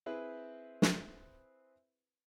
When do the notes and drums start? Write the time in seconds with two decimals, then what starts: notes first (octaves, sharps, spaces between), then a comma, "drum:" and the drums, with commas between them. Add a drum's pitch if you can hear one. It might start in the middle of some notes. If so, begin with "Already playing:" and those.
0.06 C4 E4 G#4 B4 C5
0.82 drum: snare